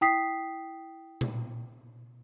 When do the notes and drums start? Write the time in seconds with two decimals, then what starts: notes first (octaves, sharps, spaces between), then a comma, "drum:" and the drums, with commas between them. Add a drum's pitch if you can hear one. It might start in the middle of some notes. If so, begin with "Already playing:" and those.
0.01 E4 G5 D#6 B6 C7
1.21 drum: tom A#2